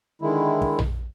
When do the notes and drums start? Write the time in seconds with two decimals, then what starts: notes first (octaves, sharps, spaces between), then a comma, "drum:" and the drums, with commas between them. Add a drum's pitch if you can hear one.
0.22 D3 D#3 G#3 E4
0.62 drum: kick
0.79 drum: tom A#1